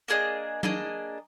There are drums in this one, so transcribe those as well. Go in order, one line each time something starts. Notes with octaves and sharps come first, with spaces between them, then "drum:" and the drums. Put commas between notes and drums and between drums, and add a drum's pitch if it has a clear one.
A#3 D4 G#4 D#5
A#3 D4 G#4 D#5, drum: tom F#3